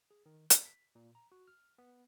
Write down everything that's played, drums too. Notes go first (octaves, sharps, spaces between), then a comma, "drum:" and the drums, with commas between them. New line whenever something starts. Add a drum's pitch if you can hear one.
G#4
D#3
D5, drum: hi-hat
B6
A#2
A#5
F#4
F6
B3